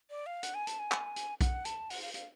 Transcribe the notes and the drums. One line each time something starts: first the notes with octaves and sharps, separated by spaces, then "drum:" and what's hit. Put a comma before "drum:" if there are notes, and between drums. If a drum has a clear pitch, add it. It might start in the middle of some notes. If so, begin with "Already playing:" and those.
D5
F5
F#5, drum: hi-hat
G#5
A5, drum: hi-hat
G#5
drum: clap
drum: hi-hat
F#5, drum: kick B1, hi-hat
A5, drum: hi-hat
F#5, drum: open hi-hat
F5
F5, drum: hi-hat